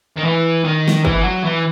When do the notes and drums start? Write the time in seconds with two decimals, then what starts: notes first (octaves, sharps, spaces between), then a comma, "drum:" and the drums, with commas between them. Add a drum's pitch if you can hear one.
0.17 D#3
0.24 E3
0.64 D#3
0.88 drum: snare
1.05 E3, drum: kick
1.24 F#3
1.44 E3